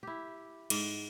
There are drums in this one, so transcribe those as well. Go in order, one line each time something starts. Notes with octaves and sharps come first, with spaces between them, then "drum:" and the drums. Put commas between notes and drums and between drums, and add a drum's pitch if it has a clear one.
E4 G4
G#2, drum: cymbal